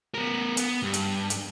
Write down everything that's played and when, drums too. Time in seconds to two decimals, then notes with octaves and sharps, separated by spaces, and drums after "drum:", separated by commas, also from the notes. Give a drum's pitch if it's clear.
0.14 B3 A#4
0.57 B3, drum: hi-hat
0.83 G2
0.94 drum: hi-hat
1.30 drum: hi-hat